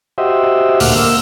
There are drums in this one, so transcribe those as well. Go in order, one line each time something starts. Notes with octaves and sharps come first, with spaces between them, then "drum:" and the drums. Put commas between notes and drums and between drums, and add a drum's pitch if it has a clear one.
F#4 G4 C5 D#5 E5
D2 A#2 A3 F#5 D6 F6, drum: open hi-hat
A#3 E6